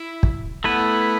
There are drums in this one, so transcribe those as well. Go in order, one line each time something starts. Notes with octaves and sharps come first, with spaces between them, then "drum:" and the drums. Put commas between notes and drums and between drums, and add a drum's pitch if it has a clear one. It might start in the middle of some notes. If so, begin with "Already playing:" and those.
Already playing: E4
drum: kick
A3 B3 E4 B4